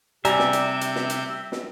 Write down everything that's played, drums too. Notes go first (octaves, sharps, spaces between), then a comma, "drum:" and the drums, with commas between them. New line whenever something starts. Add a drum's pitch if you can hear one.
C3 G3 C4 D5 E5 G#5 A#5 G6, drum: hi-hat
drum: snare
drum: hi-hat
drum: hi-hat
drum: snare
drum: hi-hat
drum: snare